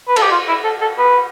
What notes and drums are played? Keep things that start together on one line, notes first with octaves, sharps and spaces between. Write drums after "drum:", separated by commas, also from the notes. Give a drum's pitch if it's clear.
B4
A4, drum: cymbal
G4
F4
E4
A4
A4
B4